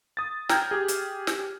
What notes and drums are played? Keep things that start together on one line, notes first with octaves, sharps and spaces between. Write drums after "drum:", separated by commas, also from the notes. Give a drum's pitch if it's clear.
D#6 A6
G5 A#5 F6 G6 G#6, drum: snare
G4 G#4
drum: hi-hat
drum: snare